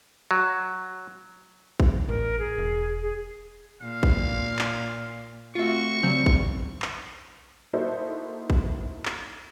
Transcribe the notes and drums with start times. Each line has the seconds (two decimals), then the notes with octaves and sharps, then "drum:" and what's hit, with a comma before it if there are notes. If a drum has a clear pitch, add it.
0.31 F#3
1.80 drum: kick A1
2.09 A1 A#4
2.39 G#4
2.58 E1
3.02 G#4
3.82 A#2 F5
4.03 drum: kick A1
4.59 drum: clap
5.55 A3 C4 F4 F#4 E5 C#6
6.03 C#3 F#3 G3 C4
6.26 drum: kick A1
6.82 drum: clap
7.73 A#3 D#4 E4 F#4 A4 C5
8.50 drum: kick A1
9.05 drum: clap